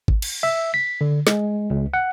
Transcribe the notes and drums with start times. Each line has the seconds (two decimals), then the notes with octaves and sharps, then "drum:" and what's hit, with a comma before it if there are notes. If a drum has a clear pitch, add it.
0.08 drum: kick G#1
0.22 drum: cymbal
0.43 E5
0.74 B6
1.01 D3
1.27 G#3, drum: snare
1.70 C#2
1.94 F#5